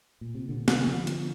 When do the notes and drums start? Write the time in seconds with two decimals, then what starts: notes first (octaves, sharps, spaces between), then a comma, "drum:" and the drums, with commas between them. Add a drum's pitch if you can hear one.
0.21 A#2
0.35 C3
0.49 A#2 D3
0.68 C3 D#3, drum: snare
0.87 D3 F3
1.07 drum: hi-hat